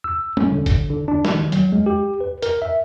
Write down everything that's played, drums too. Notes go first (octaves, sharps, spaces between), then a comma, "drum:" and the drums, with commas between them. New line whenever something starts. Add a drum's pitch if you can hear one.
E6
C#4, drum: tom G3
D3
drum: kick, hi-hat
D3
D4
drum: snare
D#3
F#3, drum: hi-hat
G#3
G4
B4
A#4, drum: hi-hat
E5